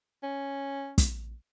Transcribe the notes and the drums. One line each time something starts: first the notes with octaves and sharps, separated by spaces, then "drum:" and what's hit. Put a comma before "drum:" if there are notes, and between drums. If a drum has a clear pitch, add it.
C#4
drum: kick, hi-hat